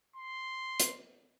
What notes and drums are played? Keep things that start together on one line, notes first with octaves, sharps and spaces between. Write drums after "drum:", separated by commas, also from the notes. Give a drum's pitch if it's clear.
C6
drum: hi-hat